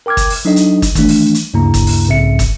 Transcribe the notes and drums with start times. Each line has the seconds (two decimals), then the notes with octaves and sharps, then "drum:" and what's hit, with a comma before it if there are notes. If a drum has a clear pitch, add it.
0.06 A#4 G5 D6 F6 G#6
0.17 drum: kick, hi-hat
0.30 drum: open hi-hat
0.45 F#3 D4 D#4 A4 D#5
0.56 drum: hi-hat
0.82 drum: kick, hi-hat
0.95 D#3 E3 G3 A3 D4, drum: kick, hi-hat
1.08 drum: open hi-hat
1.35 drum: hi-hat
1.53 D2 G2 C#3 A#3 E4 A#5
1.74 drum: kick, hi-hat
1.87 drum: open hi-hat
2.08 B1 G#2 C#3 C4 E5 C#7
2.39 drum: kick, hi-hat